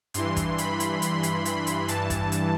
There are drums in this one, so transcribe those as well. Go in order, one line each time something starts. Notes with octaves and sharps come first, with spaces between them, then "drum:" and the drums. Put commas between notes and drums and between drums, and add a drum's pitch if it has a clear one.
G2 E3 C6, drum: hi-hat
drum: kick, hi-hat
B5, drum: hi-hat
drum: hi-hat
C6, drum: hi-hat
drum: hi-hat
B5, drum: hi-hat
drum: hi-hat
G2 E3 A5, drum: hi-hat
drum: kick, hi-hat
drum: hi-hat